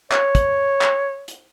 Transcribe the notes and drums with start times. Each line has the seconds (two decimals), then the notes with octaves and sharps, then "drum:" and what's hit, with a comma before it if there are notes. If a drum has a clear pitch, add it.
0.12 C#5, drum: clap
0.35 drum: kick, hi-hat
0.81 drum: clap
1.28 drum: hi-hat